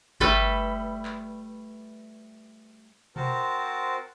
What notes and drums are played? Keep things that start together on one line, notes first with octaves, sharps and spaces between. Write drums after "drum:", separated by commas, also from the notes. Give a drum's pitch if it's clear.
G3 A3 A4 B4, drum: kick G1
drum: clap
C4 F#4 A#4 C5 A5, drum: tom B2